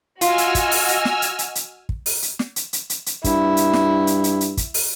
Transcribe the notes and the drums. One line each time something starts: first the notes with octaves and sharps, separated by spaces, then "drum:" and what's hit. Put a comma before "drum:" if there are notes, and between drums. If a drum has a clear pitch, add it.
F4 F#4 D#5 G#5 E6 F6, drum: hi-hat
drum: hi-hat
drum: kick, hi-hat
drum: open hi-hat
drum: hi-hat
drum: snare
drum: hi-hat
drum: hi-hat
drum: hi-hat
drum: kick
drum: open hi-hat
drum: hi-hat
drum: snare
drum: hi-hat
drum: hi-hat
drum: hi-hat
drum: hi-hat
G2 E4, drum: kick, hi-hat
drum: hi-hat
drum: snare
drum: hi-hat
drum: hi-hat
drum: hi-hat
drum: kick, hi-hat
drum: open hi-hat